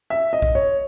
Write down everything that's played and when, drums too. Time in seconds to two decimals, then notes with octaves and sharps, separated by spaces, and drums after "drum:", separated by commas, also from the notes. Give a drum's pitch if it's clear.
0.10 E5
0.33 D#5
0.42 drum: kick
0.55 C#5